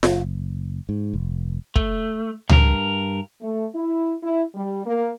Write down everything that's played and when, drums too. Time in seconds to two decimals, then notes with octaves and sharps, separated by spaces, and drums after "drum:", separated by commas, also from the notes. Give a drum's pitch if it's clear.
0.03 F#1, drum: snare F4
0.89 G#2
1.13 F1
1.76 A3, drum: kick
2.49 G2 A#4, drum: tom C#2
3.41 A3
3.74 E4
4.23 E4
4.54 G3
4.85 A#3